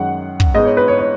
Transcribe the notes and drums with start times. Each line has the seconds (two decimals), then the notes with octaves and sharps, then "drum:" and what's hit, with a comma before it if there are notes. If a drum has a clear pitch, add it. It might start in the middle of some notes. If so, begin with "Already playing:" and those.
Already playing: F#2 D#3 G#3 F#5
0.40 drum: kick
0.54 G#2 G#3 B3 D#5
0.65 C#5
0.77 B4
0.88 C#5
0.99 C#5